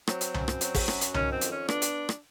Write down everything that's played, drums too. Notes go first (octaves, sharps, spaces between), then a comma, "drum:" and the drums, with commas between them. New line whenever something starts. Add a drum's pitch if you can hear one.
F#3 C4, drum: rim click
drum: hi-hat
F#2, drum: tom C2
drum: rim click
F#3, drum: hi-hat
drum: kick, open hi-hat
F#2, drum: rim click
drum: hi-hat
D#3 C#4, drum: tom C2
C4
F2, drum: hi-hat
C#4
B3 D4, drum: rim click
drum: hi-hat
drum: rim click